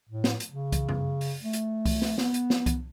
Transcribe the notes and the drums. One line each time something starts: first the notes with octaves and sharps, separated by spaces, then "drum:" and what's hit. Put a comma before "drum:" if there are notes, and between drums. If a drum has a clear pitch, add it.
A2
drum: snare
drum: hi-hat
C#3
drum: kick C2, hi-hat
drum: tom
drum: open hi-hat
A3
drum: hi-hat
drum: kick C2, open hi-hat
drum: snare
B3, drum: snare
drum: hi-hat
drum: snare
drum: kick C2, hi-hat